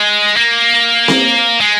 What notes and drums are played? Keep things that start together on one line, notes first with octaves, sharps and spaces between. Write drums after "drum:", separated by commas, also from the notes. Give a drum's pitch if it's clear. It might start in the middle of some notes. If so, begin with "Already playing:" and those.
Already playing: G#3
A#3
drum: snare C4
G#3